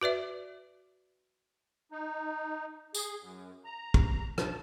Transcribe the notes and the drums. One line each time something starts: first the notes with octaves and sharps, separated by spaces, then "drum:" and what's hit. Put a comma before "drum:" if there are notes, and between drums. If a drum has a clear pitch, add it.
F#4 B4 D5 E5
D#4
G#4, drum: tambourine
F#2
A#5
drum: kick
A5, drum: rim click